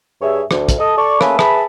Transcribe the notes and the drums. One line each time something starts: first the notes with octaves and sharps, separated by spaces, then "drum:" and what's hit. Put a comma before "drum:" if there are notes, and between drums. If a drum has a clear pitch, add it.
G2 G#4 C#5 E5
D2, drum: rim click
drum: kick, hi-hat
A4 D#5 D#6
A4 D5 C#6
A3 A#3 C#4 G#4 A4 B4, drum: rim click
G#4 B4 E5 A5 B5, drum: rim click